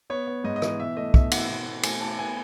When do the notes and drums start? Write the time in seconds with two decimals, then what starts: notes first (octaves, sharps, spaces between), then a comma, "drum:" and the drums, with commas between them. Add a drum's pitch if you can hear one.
0.10 B3 C#5
0.27 B3
0.44 G#2 D#5
0.56 D#5
0.62 E3, drum: rim click
0.68 D#5
0.79 B2 E5
0.97 A3 D#5
1.14 B2 E5, drum: kick
1.32 B2 F#5, drum: cymbal
1.49 B2
1.67 B2
1.83 A3 G#5, drum: cymbal
2.01 A3 A5
2.19 B3 G#5